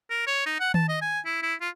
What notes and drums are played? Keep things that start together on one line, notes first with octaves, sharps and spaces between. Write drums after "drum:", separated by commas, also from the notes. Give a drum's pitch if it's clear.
A#4
C#5
D#4
F#5
A5, drum: tom D#3
D#5
G#5
E4
E4
F4